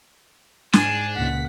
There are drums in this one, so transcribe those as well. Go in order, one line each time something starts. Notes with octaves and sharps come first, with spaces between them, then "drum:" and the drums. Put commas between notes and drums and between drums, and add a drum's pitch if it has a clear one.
G#2 D4 G#5 C7, drum: snare
C#2 A#2 F#5 B6